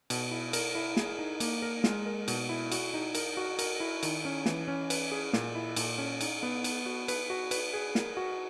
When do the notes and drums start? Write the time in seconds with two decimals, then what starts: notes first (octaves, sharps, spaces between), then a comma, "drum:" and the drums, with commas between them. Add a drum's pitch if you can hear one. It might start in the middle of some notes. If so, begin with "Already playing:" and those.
0.10 B2, drum: cymbal
0.31 E4
0.53 A#4, drum: cymbal
0.75 E4
0.97 G#4, drum: snare
1.19 D#4
1.40 A#3, drum: cymbal
1.62 A#4
1.84 G#3, drum: snare
2.06 A#4
2.28 B2, drum: cymbal
2.49 E4
2.72 F#4, drum: cymbal
2.94 D#4
3.15 A#4, drum: cymbal
3.37 F#4
3.59 A#4, drum: cymbal
3.80 E4
4.03 D#3, drum: cymbal
4.25 C#4
4.46 E3, drum: snare
4.68 C#4
4.90 B4, drum: cymbal
5.12 G#4
5.33 A#2, drum: snare
5.55 E4
5.76 A#2, drum: cymbal
5.98 C#4
6.21 D#4, drum: cymbal
6.43 B3
6.64 B4, drum: cymbal
6.86 F#4
7.08 B4, drum: cymbal
7.30 F#4
7.51 B4, drum: cymbal
7.73 G#4
7.95 A#4, drum: snare
8.17 F#4